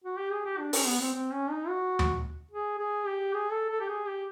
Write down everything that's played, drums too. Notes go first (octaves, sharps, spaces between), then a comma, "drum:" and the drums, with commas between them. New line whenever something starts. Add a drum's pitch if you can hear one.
F#4
G4
G#4
G4
D4
C#4, drum: open hi-hat
B3
C4
C4
C#4
D#4
F#4
drum: tom D#2
G#4
G#4
G4
G#4
A4
A4
G4
G#4
G4